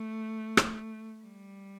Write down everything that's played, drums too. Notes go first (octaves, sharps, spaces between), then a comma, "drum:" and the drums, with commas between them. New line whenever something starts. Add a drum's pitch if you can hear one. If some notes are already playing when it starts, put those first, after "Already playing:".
Already playing: A3
drum: rim click
G3